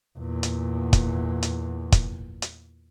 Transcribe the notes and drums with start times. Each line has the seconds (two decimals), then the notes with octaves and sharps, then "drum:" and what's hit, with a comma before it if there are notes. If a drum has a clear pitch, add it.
0.18 E2 A#2
0.43 drum: hi-hat
0.93 drum: kick, hi-hat
1.43 drum: hi-hat
1.92 drum: kick, hi-hat
2.42 drum: hi-hat